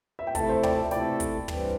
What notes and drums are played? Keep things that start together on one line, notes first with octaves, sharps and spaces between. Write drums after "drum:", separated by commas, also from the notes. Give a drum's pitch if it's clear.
E5
G5
C3 A3 E4 A4 E5 A5, drum: kick, hi-hat
C5 E5
D5 G5, drum: tom
E5 A5
C3 A3 E4 A4 D5 G5, drum: snare
drum: kick, hi-hat
G2 E3 G3 C4, drum: tom